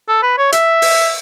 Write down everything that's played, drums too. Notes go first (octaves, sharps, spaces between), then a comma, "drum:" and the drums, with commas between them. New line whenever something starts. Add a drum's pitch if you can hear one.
A4
B4
C#5
E5, drum: hi-hat
drum: open hi-hat